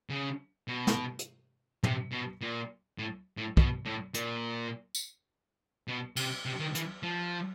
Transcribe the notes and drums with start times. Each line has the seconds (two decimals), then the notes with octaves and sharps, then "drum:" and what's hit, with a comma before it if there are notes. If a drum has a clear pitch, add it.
0.10 C#3
0.68 B2
0.87 drum: snare
1.19 drum: hi-hat
1.83 C3, drum: tom
2.12 B2
2.41 A#2
2.98 A2
3.37 A2
3.57 B2, drum: kick
3.86 A2
4.14 A#2, drum: hi-hat
4.95 drum: tambourine
5.88 B2
6.16 C3, drum: cymbal
6.45 C3
6.60 D#3
6.75 E3, drum: hi-hat
7.03 F3